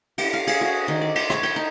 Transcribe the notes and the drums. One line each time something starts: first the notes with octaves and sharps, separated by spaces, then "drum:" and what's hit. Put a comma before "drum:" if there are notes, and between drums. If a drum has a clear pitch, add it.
G4, drum: cymbal
F5
G#4, drum: cymbal
F#4
D#3
D5
C5, drum: cymbal
C#5, drum: rim click
G5, drum: cymbal
D#4